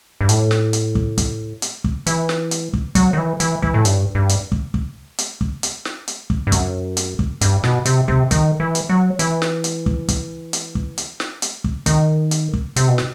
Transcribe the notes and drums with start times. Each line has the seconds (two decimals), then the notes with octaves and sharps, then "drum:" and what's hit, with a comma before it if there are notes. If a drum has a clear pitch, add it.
0.21 G2
0.29 A2, drum: hi-hat
0.51 drum: snare
0.73 drum: hi-hat
0.95 drum: kick
1.18 drum: kick, hi-hat
1.62 drum: hi-hat
1.84 drum: kick
2.06 E3, drum: hi-hat
2.29 drum: snare
2.51 drum: hi-hat
2.73 drum: kick
2.95 F#3, drum: kick, hi-hat
3.13 D#3
3.18 E3
3.40 E3, drum: hi-hat
3.62 E3, drum: kick
3.74 A2
3.85 G2, drum: hi-hat
4.15 G2
4.29 drum: hi-hat
4.52 drum: kick
4.74 drum: kick
5.18 drum: hi-hat
5.41 drum: kick
5.63 drum: hi-hat
5.85 drum: snare
6.08 drum: hi-hat
6.30 drum: kick
6.47 G2
6.52 F#2, drum: kick, hi-hat
6.97 drum: hi-hat
7.19 drum: kick
7.41 G2, drum: hi-hat
7.64 B2, drum: snare
7.85 C3, drum: hi-hat
8.08 C3, drum: kick
8.31 D#3, drum: kick, hi-hat
8.60 E3
8.75 drum: hi-hat
8.89 F#3
9.19 E3, drum: hi-hat
9.42 drum: snare
9.64 drum: hi-hat
9.86 drum: kick
10.08 drum: kick, hi-hat
10.53 drum: hi-hat
10.75 drum: kick
10.98 drum: hi-hat
11.20 drum: snare
11.42 drum: hi-hat
11.64 drum: kick
11.86 D#3, drum: kick, hi-hat
12.31 drum: hi-hat
12.53 drum: kick
12.76 C3, drum: hi-hat
12.88 B2
12.98 drum: snare